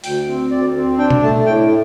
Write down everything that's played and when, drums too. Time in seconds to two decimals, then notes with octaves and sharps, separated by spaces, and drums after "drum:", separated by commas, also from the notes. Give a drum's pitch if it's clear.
0.04 D2 G5, drum: open hi-hat
0.28 C4
0.51 D2 D5
0.75 C4
0.98 D4 G5
1.10 drum: tom B2
1.22 A3 A5
1.46 A2 G5